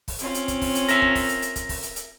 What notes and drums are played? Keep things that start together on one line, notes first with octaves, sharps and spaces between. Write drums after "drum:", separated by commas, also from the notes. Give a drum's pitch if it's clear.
drum: kick, open hi-hat
C4 C#4 F4, drum: hi-hat
drum: hi-hat
drum: kick, hi-hat
drum: kick, open hi-hat
drum: hi-hat
A#4 E5, drum: hi-hat
drum: kick
drum: kick, open hi-hat
drum: hi-hat
drum: hi-hat
drum: kick, hi-hat
drum: kick, open hi-hat
drum: hi-hat
drum: hi-hat